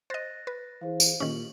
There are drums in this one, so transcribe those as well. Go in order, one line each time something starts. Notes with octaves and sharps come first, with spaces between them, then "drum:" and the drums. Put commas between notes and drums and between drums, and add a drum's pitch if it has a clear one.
C5 D#5 F#6 A6 A#6
B4
E3 G#4 C5 F5
drum: tambourine
A#2 D#3 C#4 G4 F#7